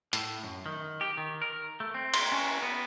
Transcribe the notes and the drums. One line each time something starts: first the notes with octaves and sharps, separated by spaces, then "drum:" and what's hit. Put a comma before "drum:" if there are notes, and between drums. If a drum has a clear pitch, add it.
A2, drum: hi-hat
F#2
D#3
G4
D#3
A#4
A3
C4
C6, drum: cymbal
C#4
B3